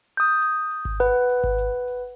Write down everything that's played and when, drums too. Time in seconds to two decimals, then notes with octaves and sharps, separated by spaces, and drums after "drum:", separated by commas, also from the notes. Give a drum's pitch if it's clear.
0.17 D#6 G6
0.41 drum: hi-hat
0.71 drum: open hi-hat
0.85 drum: kick G#1
1.00 B4 F#5, drum: hi-hat
1.29 drum: open hi-hat
1.44 drum: kick G#1
1.58 drum: hi-hat
1.87 drum: open hi-hat